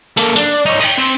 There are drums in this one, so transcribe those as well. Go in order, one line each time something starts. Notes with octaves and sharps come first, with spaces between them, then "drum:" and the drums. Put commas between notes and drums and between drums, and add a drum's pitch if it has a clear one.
A#3 A4, drum: hi-hat
D4, drum: hi-hat
D#4 C#5
D#5 G5, drum: cymbal
C4